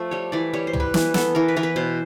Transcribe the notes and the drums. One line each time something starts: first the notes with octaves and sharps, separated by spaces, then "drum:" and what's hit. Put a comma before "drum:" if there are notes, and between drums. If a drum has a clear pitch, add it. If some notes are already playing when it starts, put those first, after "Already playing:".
Already playing: F3 A3
G3 C#5
E3 D5
G3 C#5
C5
G3, drum: tom
B4
E3, drum: snare
B3 A4, drum: snare
E3 A#4
B4
E3 A#4
B4
B2 C5